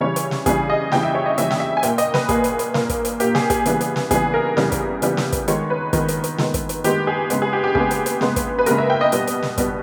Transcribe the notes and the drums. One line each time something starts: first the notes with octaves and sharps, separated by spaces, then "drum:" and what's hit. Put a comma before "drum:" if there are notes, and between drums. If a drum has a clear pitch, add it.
C#3 E3 G3 C#5
drum: hi-hat
drum: snare
C#3 E3 G3 G#4, drum: kick, hi-hat
D#5
C#3 E3 G3 G5, drum: snare
E5
C#5
D#5
C#3 E3 G3 E5, drum: hi-hat
G5, drum: snare
E5
G#5
A#2 A#3 G5, drum: hi-hat
D#5, drum: hi-hat
B4, drum: snare
A#2 A#3 G#4, drum: kick, hi-hat
drum: hi-hat
drum: hi-hat
A#2 A#3, drum: snare
drum: kick, hi-hat
drum: hi-hat
A#2 A#3 G4, drum: hi-hat
G#4, drum: snare
G#4, drum: kick, hi-hat
C#3 E3 G3 B3, drum: hi-hat
drum: hi-hat
drum: snare
C#3 E3 G3 B3 G#4, drum: kick, hi-hat
A#4
C#3 E3 G3 B3, drum: snare
drum: kick, hi-hat
C#3 E3 G3 B3, drum: hi-hat
drum: snare
drum: kick, hi-hat
D#3 G#3 B3 C#5, drum: hi-hat
B4
D#3 G#3 B3, drum: kick, hi-hat
drum: hi-hat
drum: hi-hat
D#3 G#3 B3, drum: snare
drum: kick, hi-hat
drum: hi-hat
D#3 G#3 B3 G4, drum: hi-hat
G#4
C#3 G#3 B3, drum: hi-hat
G#4
G4
G4
C#3 G#3 B3 G#4, drum: kick
drum: hi-hat
drum: hi-hat
C#3 G#3 B3, drum: snare
drum: kick, hi-hat
B4
C#3 G#3 B3 A#4, drum: hi-hat
E5
G5
D#5
B2 G3 B3, drum: hi-hat
drum: hi-hat
drum: snare
B2 G3 B3, drum: kick, hi-hat